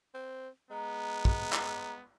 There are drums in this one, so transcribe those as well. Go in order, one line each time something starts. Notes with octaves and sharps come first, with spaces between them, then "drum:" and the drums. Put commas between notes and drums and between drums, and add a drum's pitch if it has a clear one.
C4
G#3 B3 A#5
drum: kick
drum: clap